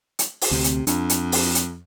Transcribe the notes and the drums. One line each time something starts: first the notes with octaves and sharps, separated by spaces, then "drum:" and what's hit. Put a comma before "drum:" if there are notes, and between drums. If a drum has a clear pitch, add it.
drum: hi-hat
drum: open hi-hat
D2 C3 C4
drum: hi-hat
F2 D4, drum: hi-hat
drum: hi-hat
drum: open hi-hat
drum: hi-hat